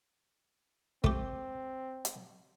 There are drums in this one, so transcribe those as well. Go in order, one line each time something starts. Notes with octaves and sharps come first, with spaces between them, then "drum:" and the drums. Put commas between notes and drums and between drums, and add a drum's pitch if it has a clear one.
A3 C4 G4, drum: kick
drum: hi-hat